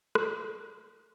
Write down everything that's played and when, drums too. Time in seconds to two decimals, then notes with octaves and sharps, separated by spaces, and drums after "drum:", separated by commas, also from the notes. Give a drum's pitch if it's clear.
0.15 C#4 F#4 C5, drum: rim click